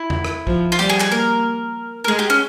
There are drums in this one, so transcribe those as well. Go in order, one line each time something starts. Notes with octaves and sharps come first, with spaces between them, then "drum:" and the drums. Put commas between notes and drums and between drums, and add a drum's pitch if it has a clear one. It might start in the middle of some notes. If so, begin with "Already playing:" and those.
Already playing: E4
drum: tom E2
drum: rim click
F3, drum: kick A#1
F4
G3 G4, drum: hi-hat
G#4
G#4, drum: clap
A#3 A#4
A#4
G#3 G#4
G4
C#4